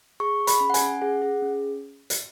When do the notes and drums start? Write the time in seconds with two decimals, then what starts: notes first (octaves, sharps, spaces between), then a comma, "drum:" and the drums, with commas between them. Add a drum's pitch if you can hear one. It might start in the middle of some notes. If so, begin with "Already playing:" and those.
0.20 G#4 C#6
0.41 G#4
0.47 B5, drum: hi-hat
0.61 C#4
0.70 F#5
0.74 G#5, drum: hi-hat
0.81 C#4
1.02 G#4 F#5
1.22 G#4
1.42 C#4
2.10 drum: hi-hat